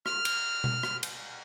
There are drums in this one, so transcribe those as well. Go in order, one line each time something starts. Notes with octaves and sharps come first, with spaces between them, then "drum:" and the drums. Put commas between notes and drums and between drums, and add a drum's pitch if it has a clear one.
F6, drum: rim click
drum: cymbal
drum: tom B2
drum: rim click
drum: cymbal